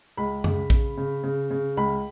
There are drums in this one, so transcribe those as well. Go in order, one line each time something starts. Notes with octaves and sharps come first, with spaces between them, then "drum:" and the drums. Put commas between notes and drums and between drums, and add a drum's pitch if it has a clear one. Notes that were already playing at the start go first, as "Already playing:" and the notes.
C#2 B5
C#3, drum: tom F#2
C#3, drum: kick A#1
C#3
C#3
C#3
C#2 B5